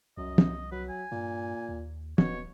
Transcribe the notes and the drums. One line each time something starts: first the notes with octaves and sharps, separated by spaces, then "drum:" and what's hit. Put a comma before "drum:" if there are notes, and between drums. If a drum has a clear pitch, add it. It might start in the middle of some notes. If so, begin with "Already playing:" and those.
C2 F#2 D#5
drum: tom
F#3 B4
G#5
G2 A#2
D#2
D#1 B2 C#5, drum: tom